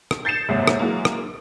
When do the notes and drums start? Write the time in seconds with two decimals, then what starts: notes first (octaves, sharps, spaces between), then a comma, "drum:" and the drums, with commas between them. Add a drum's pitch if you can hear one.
0.11 drum: rim click
0.25 G6 A6 C7 C#7 E7
0.49 F#1 D#2 G#2 C3
0.67 drum: rim click
0.79 E3 F#3 G#3 A#3
1.05 drum: rim click